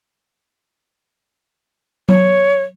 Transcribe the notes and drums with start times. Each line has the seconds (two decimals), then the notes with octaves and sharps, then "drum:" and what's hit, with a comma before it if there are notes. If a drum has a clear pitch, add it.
2.09 C#5, drum: tom F#3